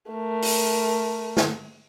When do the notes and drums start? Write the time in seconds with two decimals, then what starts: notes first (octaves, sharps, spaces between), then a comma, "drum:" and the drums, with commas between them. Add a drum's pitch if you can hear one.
0.12 A3 A#4
0.42 drum: open hi-hat
1.37 drum: snare